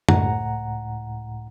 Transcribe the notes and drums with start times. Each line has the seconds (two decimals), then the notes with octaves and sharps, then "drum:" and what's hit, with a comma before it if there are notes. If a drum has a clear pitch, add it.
0.09 C#2 A2 F#5 A#5, drum: tom F#2